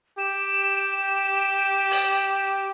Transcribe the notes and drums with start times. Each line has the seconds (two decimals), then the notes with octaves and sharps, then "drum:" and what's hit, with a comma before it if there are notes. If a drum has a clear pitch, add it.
0.19 G4 E7
1.91 drum: open hi-hat